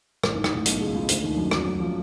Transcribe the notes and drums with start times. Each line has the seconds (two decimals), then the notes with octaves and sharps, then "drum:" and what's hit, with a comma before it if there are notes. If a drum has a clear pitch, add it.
0.24 A1 A2, drum: rim click
0.34 G#1 G#2
0.44 G#1 G#2, drum: rim click
0.55 A1 A2
0.66 B1 B2, drum: hi-hat
0.80 C#2 C#3
0.94 C#2 C#3
1.09 D2 D3, drum: hi-hat
1.22 D#2 D#3
1.37 F#2 F#3
1.51 F#2 F#3, drum: rim click
1.66 F#2 F#3
1.80 F3